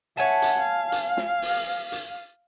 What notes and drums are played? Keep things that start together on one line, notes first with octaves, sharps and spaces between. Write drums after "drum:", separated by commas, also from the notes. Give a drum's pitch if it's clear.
C#5 E5 F#5 G#5 A5
drum: hi-hat
F5
drum: hi-hat
drum: snare
drum: open hi-hat
drum: hi-hat